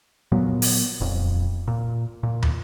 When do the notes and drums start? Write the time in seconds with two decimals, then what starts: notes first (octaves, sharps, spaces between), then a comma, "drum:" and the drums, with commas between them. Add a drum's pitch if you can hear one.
0.32 A#2 F#3 B3
0.62 drum: open hi-hat
1.01 D#1 F2
1.68 A#2
2.23 A#2
2.42 drum: tom